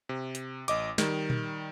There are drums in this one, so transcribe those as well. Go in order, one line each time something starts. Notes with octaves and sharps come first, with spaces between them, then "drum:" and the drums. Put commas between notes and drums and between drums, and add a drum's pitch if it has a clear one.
C3
drum: hi-hat
A1 D#5 D6, drum: hi-hat
D#3 G3, drum: snare
drum: tom A#2